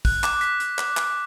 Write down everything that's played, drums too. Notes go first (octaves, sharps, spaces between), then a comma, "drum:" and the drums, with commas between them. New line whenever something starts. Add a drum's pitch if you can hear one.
F#6, drum: kick, open hi-hat
D6, drum: clap
B6, drum: hi-hat
drum: hi-hat
drum: clap
drum: clap